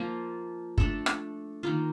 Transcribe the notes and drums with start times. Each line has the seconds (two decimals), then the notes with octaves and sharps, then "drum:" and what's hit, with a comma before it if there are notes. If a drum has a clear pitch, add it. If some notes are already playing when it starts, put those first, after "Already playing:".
Already playing: F3 A#3 F4
0.78 A3 D4 A4, drum: kick
1.06 drum: rim click
1.63 D#3 A#3 F4